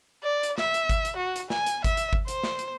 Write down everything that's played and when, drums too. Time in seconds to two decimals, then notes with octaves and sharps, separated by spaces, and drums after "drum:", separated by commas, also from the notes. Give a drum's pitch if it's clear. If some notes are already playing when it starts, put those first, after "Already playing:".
0.23 D5
0.43 drum: hi-hat
0.58 E5, drum: snare
0.74 drum: hi-hat
0.89 drum: kick G1, hi-hat
1.05 drum: hi-hat
1.16 F#4
1.36 drum: hi-hat
1.50 G#5, drum: snare
1.66 drum: hi-hat
1.84 E5, drum: kick G1, hi-hat
1.97 drum: hi-hat
2.13 drum: kick G1
2.28 C5, drum: hi-hat
2.43 drum: snare
2.59 drum: hi-hat